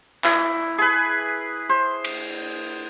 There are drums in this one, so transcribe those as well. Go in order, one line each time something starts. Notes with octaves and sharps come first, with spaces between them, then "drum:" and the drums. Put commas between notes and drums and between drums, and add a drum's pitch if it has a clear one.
E4, drum: clap
G#4 B4
C5
drum: cymbal